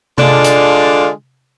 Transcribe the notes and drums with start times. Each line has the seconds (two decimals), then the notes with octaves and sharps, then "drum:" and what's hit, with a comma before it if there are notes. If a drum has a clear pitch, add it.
0.18 D3 G#3 D4 F4, drum: tom C3
0.44 drum: hi-hat